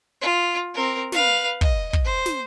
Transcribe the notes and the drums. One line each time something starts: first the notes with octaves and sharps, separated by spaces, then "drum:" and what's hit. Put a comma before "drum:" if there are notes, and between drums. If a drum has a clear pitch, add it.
F4
C4 A#4
B4 F5, drum: snare
D#5, drum: kick
drum: kick
C5
drum: snare